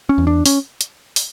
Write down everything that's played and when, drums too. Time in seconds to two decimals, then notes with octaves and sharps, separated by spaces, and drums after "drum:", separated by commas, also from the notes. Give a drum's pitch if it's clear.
0.09 C#4
0.18 E2
0.27 D4
0.46 C#4, drum: open hi-hat
0.81 drum: hi-hat
1.16 drum: open hi-hat